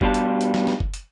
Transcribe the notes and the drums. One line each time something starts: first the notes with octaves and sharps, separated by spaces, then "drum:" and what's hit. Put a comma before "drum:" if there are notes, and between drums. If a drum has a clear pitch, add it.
G2 B2 G3 F4 G4 A5, drum: kick F#1
drum: hi-hat
drum: hi-hat
drum: snare
drum: snare
drum: kick F#1
drum: hi-hat